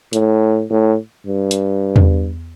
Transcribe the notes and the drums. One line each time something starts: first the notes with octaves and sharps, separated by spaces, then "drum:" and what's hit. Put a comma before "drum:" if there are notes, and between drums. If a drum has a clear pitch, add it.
A2, drum: hi-hat
A2
G2
drum: hi-hat
drum: tom E2